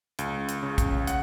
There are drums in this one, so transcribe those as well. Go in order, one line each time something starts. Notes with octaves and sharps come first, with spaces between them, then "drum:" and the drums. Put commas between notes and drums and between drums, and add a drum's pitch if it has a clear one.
C#2, drum: hi-hat
drum: hi-hat
C#3
drum: kick, hi-hat
F#5, drum: hi-hat